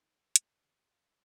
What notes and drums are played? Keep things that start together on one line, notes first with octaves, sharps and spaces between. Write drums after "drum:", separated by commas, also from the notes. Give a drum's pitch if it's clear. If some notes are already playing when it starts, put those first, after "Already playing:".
D#4
E6
A3, drum: hi-hat
F#6
D3
G4
F5
E6